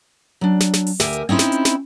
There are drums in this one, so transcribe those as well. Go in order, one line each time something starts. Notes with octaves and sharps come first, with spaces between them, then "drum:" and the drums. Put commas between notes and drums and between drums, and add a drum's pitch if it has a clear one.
F#3 D4
drum: snare
drum: snare
drum: open hi-hat
D2 G4 A#4 E5 G#5, drum: snare
drum: hi-hat
C4 C#4 D#4 E4 C5
drum: snare
drum: hi-hat
drum: snare